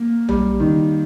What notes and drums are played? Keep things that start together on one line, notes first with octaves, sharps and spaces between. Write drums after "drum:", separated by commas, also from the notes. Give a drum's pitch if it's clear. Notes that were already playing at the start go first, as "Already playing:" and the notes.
Already playing: A#3
G3, drum: tom B1
D#3, drum: kick